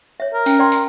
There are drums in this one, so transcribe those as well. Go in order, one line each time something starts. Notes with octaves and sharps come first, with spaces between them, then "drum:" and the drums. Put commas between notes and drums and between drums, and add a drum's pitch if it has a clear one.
C#5 E5
A#4
C#4, drum: tambourine
D5 G5 C6
drum: tambourine